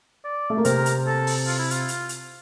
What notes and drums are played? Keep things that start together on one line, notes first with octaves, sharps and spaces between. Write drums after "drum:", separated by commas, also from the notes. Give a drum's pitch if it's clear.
D5
A3
A#3
C3 C4 A#4, drum: hi-hat
drum: hi-hat
A4
drum: open hi-hat
F4, drum: open hi-hat
E4
F4, drum: hi-hat
drum: hi-hat
drum: hi-hat